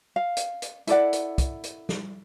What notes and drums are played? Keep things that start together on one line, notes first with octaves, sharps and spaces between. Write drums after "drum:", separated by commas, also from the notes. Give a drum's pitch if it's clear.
F5
drum: hi-hat
drum: hi-hat
E4 A4 D5 F#5, drum: hi-hat
drum: hi-hat
drum: kick, hi-hat
drum: hi-hat
drum: snare